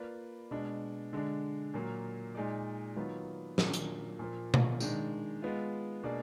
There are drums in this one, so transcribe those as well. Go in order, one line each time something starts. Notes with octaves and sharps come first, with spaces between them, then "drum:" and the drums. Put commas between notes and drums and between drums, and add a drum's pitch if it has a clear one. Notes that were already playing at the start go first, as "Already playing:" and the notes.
Already playing: A#3 F4 B4 D5
B2 G#3 D4
D3 G#3 D4
A#2 F#3 A#3
A#2 G#3 D#4 G#4 D5
D#3 F#3 B3 F4 B4
A#2 F#3 A#3 D4 F4, drum: snare
drum: hi-hat
A#2 F3 A#3
drum: tom B2
D#3 G#3 D4, drum: tambourine
G#3 B3 F4
B2 A#3 D4 G#4 D5